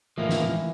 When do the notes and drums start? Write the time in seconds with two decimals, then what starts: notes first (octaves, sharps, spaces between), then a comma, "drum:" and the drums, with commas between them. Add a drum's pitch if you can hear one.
0.17 A2 E3 F3 A#3 D#4
0.29 drum: snare
0.49 drum: tom